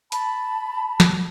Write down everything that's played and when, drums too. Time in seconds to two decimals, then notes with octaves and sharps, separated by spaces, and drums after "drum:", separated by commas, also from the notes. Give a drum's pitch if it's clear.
0.12 A5 B5, drum: hi-hat
1.00 drum: snare